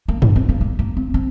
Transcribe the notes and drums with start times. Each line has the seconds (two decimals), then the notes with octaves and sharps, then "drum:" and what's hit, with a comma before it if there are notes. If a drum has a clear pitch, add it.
0.08 A#3
0.22 A#3, drum: tom
0.36 C4
0.49 A#3
0.61 A#3
0.79 A#3
0.97 C4
1.14 C4